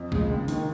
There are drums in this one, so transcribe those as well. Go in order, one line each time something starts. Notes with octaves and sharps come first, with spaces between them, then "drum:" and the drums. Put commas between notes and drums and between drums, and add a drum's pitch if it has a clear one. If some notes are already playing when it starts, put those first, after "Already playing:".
Already playing: F2
C#3 G#3, drum: kick C#2
D#2
D#3 A#3, drum: open hi-hat